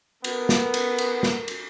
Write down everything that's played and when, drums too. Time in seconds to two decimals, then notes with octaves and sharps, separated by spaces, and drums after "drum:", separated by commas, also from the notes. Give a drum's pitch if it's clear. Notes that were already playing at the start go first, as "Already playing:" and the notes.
0.24 B3 A4 A#4, drum: cymbal
0.49 drum: snare
0.74 drum: cymbal
0.98 drum: cymbal
1.23 drum: snare
1.48 drum: cymbal